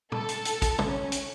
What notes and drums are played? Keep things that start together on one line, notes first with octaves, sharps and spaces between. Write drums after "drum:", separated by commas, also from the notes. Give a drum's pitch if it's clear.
A4, drum: tom
drum: hi-hat
drum: hi-hat
drum: kick, hi-hat
drum: tom
C#4
drum: hi-hat